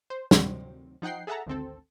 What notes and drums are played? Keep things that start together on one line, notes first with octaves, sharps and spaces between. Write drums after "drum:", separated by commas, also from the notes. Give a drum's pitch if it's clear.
C5
D2 A2 C3 D#3 F#3 C4, drum: snare
F3 D#4 F#5 G5 C7
G#4 A4 E5 F#5 A5 A#5
G#1 D2 C4 A4